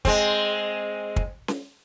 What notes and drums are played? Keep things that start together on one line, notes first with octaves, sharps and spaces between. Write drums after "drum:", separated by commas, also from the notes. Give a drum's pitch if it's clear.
G#3 C4, drum: kick
drum: kick
drum: snare C#4